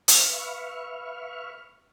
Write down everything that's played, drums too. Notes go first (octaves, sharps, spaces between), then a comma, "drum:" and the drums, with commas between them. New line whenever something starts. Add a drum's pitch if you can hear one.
B4 E5 F5 C#6 F6, drum: hi-hat